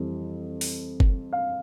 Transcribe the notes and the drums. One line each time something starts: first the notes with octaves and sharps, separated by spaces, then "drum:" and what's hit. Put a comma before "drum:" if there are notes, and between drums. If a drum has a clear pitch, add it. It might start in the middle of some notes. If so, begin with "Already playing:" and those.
Already playing: F2 E3 G3
drum: open hi-hat
drum: kick F#1
F5